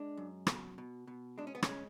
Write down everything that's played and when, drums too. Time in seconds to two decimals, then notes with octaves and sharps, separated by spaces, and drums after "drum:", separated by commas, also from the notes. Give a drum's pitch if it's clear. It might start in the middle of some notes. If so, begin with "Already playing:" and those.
Already playing: G#3 D4
0.17 F#2
0.47 B2, drum: rim click
0.78 B2
1.07 B2
1.38 G#3 D4
1.47 C#4
1.55 B3
1.63 C#4, drum: rim click
1.69 G#3